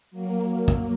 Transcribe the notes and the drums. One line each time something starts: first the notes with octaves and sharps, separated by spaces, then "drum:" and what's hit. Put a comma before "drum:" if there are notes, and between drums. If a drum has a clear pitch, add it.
F#3 A#3
drum: kick